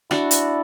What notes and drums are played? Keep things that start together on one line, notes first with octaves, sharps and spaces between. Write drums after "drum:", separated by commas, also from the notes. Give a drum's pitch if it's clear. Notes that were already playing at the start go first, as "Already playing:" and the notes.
D4 E4 F#4, drum: rim click
drum: hi-hat